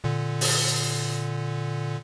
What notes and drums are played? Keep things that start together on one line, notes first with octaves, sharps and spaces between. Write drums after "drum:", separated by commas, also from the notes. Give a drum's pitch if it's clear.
A#2 D3
drum: open hi-hat